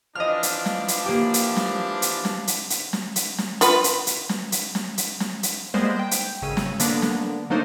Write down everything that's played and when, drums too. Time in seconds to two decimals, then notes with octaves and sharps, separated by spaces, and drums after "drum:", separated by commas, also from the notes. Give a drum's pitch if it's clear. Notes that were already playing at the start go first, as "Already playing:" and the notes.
0.15 E3 F3 D4 D#5 F6
0.43 drum: hi-hat
0.66 drum: snare
0.88 drum: hi-hat
1.06 A#3 G4
1.34 drum: hi-hat
1.57 drum: snare
2.02 drum: hi-hat
2.25 drum: snare
2.47 drum: hi-hat
2.70 drum: hi-hat
2.93 drum: snare
3.16 drum: hi-hat
3.38 drum: snare
3.61 F4 B4, drum: hi-hat
3.84 drum: hi-hat
4.07 drum: hi-hat
4.29 drum: snare
4.52 drum: hi-hat
4.75 drum: snare
4.98 drum: hi-hat
5.20 drum: snare
5.43 drum: hi-hat
5.74 G3 G#3 A#3 B3 C5 D#5
5.96 G5 G6
6.11 drum: hi-hat
6.42 G#1 C#3 E6 D#7
6.57 drum: snare
6.80 D3 A#3 B3 D4, drum: hi-hat
7.02 drum: snare
7.50 F#3 A3 A#3 D4 D#4 C5